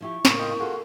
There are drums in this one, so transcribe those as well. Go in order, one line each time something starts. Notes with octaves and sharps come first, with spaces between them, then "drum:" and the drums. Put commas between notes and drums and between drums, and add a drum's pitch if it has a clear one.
F3 E4 G4 C#6
A2 C#3 A#3 A#4, drum: snare
F4 D#5 F5 G5
F4 F#4 G#4 A4